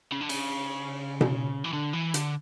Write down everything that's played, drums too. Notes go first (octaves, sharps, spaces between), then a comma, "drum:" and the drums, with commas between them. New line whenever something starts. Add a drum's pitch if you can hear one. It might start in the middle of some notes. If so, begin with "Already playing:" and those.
C#3
D3
C#3, drum: cymbal
drum: tom B2
E3
D3
E3
D3, drum: hi-hat